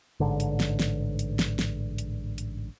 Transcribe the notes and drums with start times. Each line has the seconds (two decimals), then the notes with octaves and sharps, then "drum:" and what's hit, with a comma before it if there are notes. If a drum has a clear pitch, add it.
0.20 A1 G#2 D3
0.40 drum: hi-hat
0.60 drum: snare
0.80 drum: snare
1.19 drum: hi-hat
1.39 drum: snare
1.59 drum: snare
1.98 drum: hi-hat
2.38 drum: hi-hat